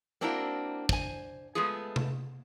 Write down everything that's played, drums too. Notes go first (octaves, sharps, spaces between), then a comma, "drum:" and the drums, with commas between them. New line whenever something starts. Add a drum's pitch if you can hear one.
A#3 C4 D4 E4 F#4 A#5
C5 G#5, drum: kick
G#3 A3 B3 F4 G#4
drum: tom C3